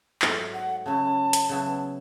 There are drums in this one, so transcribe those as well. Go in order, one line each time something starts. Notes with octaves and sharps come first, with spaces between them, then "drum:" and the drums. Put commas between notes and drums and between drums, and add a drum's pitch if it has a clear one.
G#2 F#3 A3, drum: clap
F#5
C#3 F#3 C#4 E4 A5
drum: hi-hat
C#3 F#3 B3 E4